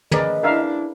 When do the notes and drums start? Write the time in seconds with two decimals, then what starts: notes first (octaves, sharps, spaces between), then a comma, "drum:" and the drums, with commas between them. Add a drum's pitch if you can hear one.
0.12 C#4 G#4 A#4 B4 D5 D#5, drum: tom
0.43 D4 E4 A#4 E5 F5